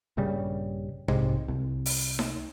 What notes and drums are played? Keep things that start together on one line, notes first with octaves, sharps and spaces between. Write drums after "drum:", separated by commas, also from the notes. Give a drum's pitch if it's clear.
A#1 G2 C#3 G3
G#2 C3 G#3, drum: tom B1
C2
drum: open hi-hat
drum: snare D#4